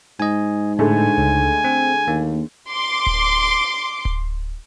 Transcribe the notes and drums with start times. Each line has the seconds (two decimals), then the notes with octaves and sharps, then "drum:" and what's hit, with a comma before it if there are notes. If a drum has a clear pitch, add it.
0.20 G#2 D#5 G#5
0.79 A2 D3 G#3 A3 G#5
1.18 C#2
1.64 C4
2.08 D#2 A#3
2.71 C6 D6
3.06 drum: kick D1
4.05 drum: kick D1